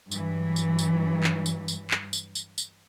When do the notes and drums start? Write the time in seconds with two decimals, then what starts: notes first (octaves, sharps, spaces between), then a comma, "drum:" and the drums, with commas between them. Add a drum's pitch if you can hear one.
0.11 G2 E3 F#3, drum: tambourine
0.56 drum: tambourine
0.79 drum: tambourine
1.23 drum: clap
1.46 drum: tambourine
1.68 drum: tambourine
1.91 drum: clap
2.13 drum: tambourine
2.35 drum: tambourine
2.58 drum: tambourine